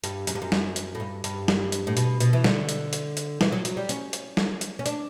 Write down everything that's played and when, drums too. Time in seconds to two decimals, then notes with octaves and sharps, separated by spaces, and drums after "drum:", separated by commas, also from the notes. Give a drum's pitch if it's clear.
0.04 G2, drum: hi-hat
0.27 F#2, drum: hi-hat
0.35 G2
0.42 F#2
0.52 drum: snare G3
0.76 drum: hi-hat
0.95 A2
1.00 G2
1.24 G2, drum: hi-hat
1.48 drum: snare G3
1.72 drum: hi-hat
1.87 A2
1.97 B2, drum: hi-hat
2.20 B2, drum: hi-hat
2.33 E3
2.44 D3, drum: snare G3
2.69 drum: hi-hat
2.93 drum: hi-hat
3.17 drum: hi-hat
3.41 E3, drum: snare G3
3.52 F#3
3.65 F#3, drum: hi-hat
3.77 G3
3.89 C#4, drum: hi-hat
4.13 drum: hi-hat
4.37 drum: snare G3
4.61 drum: hi-hat
4.79 C#4
4.86 D4, drum: hi-hat